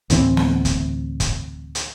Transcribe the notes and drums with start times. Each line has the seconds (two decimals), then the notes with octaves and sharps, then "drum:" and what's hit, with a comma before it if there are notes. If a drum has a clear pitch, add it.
0.10 D2 A2 E3 C4, drum: hi-hat
0.37 drum: snare
0.65 drum: kick, hi-hat
1.20 drum: kick, hi-hat
1.75 drum: hi-hat